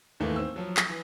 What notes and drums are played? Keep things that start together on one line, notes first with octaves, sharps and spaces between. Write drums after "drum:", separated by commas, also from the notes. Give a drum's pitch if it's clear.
D#2 G#2 D#3 E3 A3 A#3
C4 E6
F3 F#3
drum: clap
E3